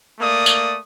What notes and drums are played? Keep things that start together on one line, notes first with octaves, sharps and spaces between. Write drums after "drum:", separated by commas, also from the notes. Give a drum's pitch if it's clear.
A3 A#3 D5 D#6
drum: tambourine